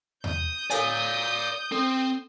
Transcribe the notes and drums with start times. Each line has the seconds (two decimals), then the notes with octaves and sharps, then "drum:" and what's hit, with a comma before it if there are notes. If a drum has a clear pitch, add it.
0.24 D#6 G6, drum: tom E2
0.70 A4 C#5 D5 F5 G#5, drum: hi-hat
1.72 C4 A4